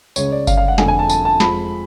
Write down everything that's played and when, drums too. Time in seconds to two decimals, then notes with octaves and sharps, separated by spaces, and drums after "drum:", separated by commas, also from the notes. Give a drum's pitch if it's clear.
0.16 C#2 C#3 G#3 C#5, drum: tambourine
0.32 D5
0.47 F5, drum: kick G1, tambourine
0.57 F5
0.68 F#5
0.78 F2 D3 F3 A3 G#5, drum: snare
0.88 G#5
0.99 A5
1.10 A5, drum: tambourine
1.25 A5
1.40 F2 F3 G#3 B5, drum: snare